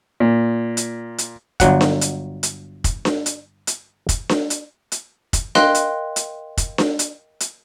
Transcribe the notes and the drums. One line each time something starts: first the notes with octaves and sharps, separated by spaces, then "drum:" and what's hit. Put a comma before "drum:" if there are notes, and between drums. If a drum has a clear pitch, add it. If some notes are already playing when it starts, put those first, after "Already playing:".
A#2
drum: hi-hat
drum: hi-hat
G1 F#3 F#5, drum: kick, hi-hat
drum: snare D4
drum: hi-hat
drum: hi-hat
drum: kick, hi-hat
drum: snare D4
drum: hi-hat
drum: hi-hat
drum: kick, hi-hat
drum: snare D4
drum: hi-hat
drum: hi-hat
drum: kick, hi-hat
A#4 D#5 F5 G5 C6 F#6, drum: snare D4
drum: hi-hat
drum: hi-hat
drum: kick, hi-hat
drum: snare D4
drum: hi-hat
drum: hi-hat